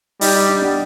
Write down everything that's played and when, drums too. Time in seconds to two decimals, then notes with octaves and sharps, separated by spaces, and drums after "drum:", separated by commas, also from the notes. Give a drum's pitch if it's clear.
0.21 G3 D#4, drum: open hi-hat
0.34 D#4
0.49 D4
0.62 B3